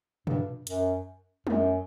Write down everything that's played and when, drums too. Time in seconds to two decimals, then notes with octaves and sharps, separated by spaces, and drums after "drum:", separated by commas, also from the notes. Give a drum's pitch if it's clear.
0.27 G2, drum: tom A#2
0.67 F#2, drum: hi-hat
1.47 F#2, drum: tom